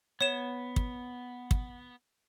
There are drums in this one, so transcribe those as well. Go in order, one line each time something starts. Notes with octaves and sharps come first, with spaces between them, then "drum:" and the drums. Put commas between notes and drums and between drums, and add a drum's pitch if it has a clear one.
B3 C#5 E7
drum: kick
drum: kick